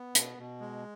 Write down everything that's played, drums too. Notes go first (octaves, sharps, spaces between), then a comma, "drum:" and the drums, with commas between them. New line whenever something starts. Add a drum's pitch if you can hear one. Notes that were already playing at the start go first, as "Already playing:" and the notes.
Already playing: B3
B2, drum: hi-hat
B2
G#3